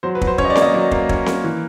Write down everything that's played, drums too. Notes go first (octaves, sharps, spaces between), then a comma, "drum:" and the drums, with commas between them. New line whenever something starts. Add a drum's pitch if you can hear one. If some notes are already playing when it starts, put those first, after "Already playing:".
F#3 C5
B4
F#3, drum: kick
C5
C#4 C#5, drum: kick
D#5
D5
A#3, drum: snare C4
D#5
F#3 D5
A#3, drum: kick
C#4, drum: kick
A#3, drum: snare C4
E3